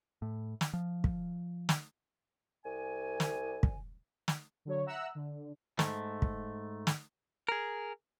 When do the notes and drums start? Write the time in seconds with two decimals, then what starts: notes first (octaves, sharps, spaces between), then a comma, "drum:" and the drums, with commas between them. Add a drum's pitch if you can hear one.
0.22 A2
0.61 drum: snare
0.73 F3
1.04 drum: kick
1.69 drum: snare
2.65 C2 G#5
3.20 drum: snare
3.63 drum: kick
4.28 drum: snare
4.65 D3 F#3 C#5
4.86 E5 F#5 A#5 E6 F#6
5.15 D3
5.79 G#2 A3, drum: snare
6.22 drum: kick
6.87 drum: snare
7.49 G#4 A#4